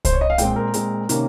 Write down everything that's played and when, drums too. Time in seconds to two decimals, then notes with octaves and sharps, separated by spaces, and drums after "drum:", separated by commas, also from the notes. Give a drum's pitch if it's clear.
0.05 C5, drum: kick C2, hi-hat
0.13 C#5
0.21 D#5
0.30 F5
0.38 A#2 G#3 C4 G5, drum: hi-hat
0.56 A#4
0.74 A#2 G#3 C4, drum: hi-hat
1.09 C3 D#3 A#3 C#4, drum: hi-hat